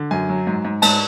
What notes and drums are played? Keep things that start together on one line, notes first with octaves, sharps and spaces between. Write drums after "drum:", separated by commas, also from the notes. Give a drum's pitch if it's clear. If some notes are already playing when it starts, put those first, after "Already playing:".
Already playing: D3
F#2 G#5
F#3
G#2
G#2
G#2 A5, drum: cymbal